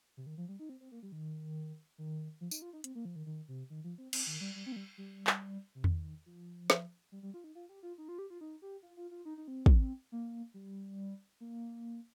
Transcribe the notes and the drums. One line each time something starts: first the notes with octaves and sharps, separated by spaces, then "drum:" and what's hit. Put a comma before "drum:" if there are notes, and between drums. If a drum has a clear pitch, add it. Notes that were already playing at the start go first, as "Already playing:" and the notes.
C3
D#3
F3
G3
D#4
C4
C4
A#3
G3
D#3
D#3
F3
D#4, drum: tambourine
F4
D#4
C4, drum: hi-hat
A#3
F3
D#3
D#3
C3
D#3
F3
C4
C4, drum: cymbal
D#3
G3
G3
C4
A#3
G3
G3
drum: clap
C3
D#3, drum: tom E2
F3
drum: snare
G3
G3
F4
D#4
F4
G4
F4
D#4
F4
G4
F4
D#4
G4
F4
F4
F4
D#4
D#4
C4
drum: kick
A#3
G3
A#3